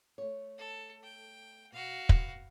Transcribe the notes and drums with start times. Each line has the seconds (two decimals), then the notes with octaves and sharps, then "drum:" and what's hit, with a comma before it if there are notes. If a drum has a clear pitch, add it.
0.18 A3 C#5
0.58 A4
1.03 G5
1.72 B2 F#4 F5
2.09 B2, drum: kick